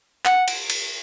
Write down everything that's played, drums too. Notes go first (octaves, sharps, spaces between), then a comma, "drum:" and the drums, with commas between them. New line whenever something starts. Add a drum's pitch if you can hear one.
F#5, drum: clap
drum: cymbal
drum: cymbal